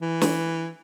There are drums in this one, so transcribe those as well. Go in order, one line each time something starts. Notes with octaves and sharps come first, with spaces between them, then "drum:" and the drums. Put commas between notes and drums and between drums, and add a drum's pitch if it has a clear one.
E3
drum: snare